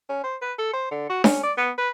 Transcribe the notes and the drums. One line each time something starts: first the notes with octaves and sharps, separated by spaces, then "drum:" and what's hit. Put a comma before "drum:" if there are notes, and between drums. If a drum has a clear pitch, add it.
C#4
C5
B4
A4
C5
D3
F#4
C#4, drum: snare D4
D5
B3
B4